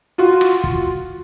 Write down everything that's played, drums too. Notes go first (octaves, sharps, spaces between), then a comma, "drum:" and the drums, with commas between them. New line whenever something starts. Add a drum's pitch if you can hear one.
F4 F#4
drum: rim click
drum: kick